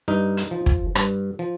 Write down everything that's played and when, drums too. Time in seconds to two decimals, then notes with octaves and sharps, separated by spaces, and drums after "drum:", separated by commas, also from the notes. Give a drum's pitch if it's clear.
0.08 G2 D#4
0.37 drum: hi-hat
0.51 F3
0.66 drum: kick
0.95 G2, drum: rim click
1.39 F3